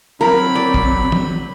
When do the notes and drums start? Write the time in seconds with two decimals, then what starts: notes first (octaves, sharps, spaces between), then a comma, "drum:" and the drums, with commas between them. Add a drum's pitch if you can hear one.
0.21 F#3 C4 A#4 B5
0.55 D5
0.74 drum: kick
1.12 drum: tom